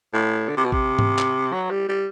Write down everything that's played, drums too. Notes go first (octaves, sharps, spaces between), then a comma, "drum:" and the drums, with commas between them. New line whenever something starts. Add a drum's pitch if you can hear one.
A2
D3
C3
B2
C3, drum: kick
drum: tom G#2
drum: clap
F#3
G3
G3